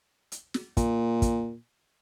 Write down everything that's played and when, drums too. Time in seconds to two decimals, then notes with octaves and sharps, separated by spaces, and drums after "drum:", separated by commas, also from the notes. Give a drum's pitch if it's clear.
0.32 drum: hi-hat
0.54 drum: snare
0.77 A#2, drum: kick, hi-hat
1.22 drum: kick, hi-hat